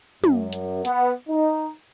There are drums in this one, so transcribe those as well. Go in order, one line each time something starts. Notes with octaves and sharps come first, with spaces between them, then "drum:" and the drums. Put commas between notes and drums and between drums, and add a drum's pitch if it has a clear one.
F#2, drum: tom
drum: hi-hat
B3, drum: hi-hat
D#4